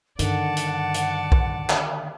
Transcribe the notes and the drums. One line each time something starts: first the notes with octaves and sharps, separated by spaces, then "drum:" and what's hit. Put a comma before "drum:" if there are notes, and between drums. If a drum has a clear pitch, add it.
G2 D3 D#3 D5 F#5 A5, drum: hi-hat
drum: hi-hat
drum: hi-hat
drum: kick B1
drum: clap